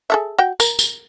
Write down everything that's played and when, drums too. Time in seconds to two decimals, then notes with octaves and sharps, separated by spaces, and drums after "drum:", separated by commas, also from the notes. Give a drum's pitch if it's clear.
0.10 G#4 A4 E5
0.38 F#4 G5
0.60 A#4, drum: tambourine
0.79 drum: tambourine